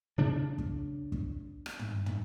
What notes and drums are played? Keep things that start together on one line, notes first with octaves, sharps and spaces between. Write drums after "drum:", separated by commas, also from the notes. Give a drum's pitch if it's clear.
C#3 D4
drum: kick
drum: kick
drum: rim click
drum: tom
drum: tom